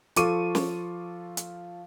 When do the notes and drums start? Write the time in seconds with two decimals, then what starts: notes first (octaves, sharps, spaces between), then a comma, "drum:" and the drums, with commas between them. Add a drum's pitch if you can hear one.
0.16 F3 F4 A4 C#6 D6 D#7, drum: hi-hat
0.55 drum: snare
1.37 drum: hi-hat